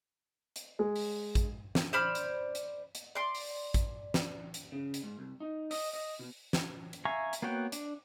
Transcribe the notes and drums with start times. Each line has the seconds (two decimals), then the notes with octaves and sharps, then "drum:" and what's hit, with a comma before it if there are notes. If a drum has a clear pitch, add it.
0.56 drum: hi-hat
0.79 G#3
0.96 drum: open hi-hat
1.35 drum: kick A1, hi-hat
1.75 drum: snare
1.93 C5 D5 B5 F6
2.15 drum: hi-hat
2.55 drum: hi-hat
2.95 drum: hi-hat
3.15 D5 C6
3.35 drum: open hi-hat
3.74 drum: kick A1, hi-hat
4.14 drum: snare
4.54 drum: hi-hat
4.72 C#3
4.94 drum: hi-hat
5.03 G#2
5.19 C2
5.40 D#4
5.71 D#5, drum: open hi-hat
5.93 D#5
6.19 B2
6.53 drum: snare
6.93 drum: hi-hat
7.05 E5 F5 G#5 A#5 C#6
7.33 drum: hi-hat
7.42 A#3 B3 F#4 C#5 G5
7.72 D4, drum: hi-hat